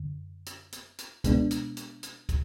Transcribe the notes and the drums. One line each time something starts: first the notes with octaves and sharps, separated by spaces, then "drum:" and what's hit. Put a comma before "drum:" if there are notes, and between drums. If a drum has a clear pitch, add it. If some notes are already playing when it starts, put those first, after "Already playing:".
Already playing: F#2 D3
drum: hi-hat
drum: hi-hat
drum: hi-hat
B2 G#3 B3 D4, drum: kick, hi-hat
drum: hi-hat
drum: hi-hat
drum: hi-hat
drum: kick, hi-hat